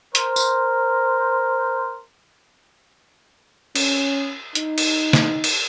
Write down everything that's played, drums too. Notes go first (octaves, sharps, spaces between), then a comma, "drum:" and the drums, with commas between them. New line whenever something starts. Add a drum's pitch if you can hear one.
A#4 C5, drum: hi-hat
drum: tambourine
C#4, drum: cymbal
D#4, drum: hi-hat
drum: cymbal
drum: snare
drum: cymbal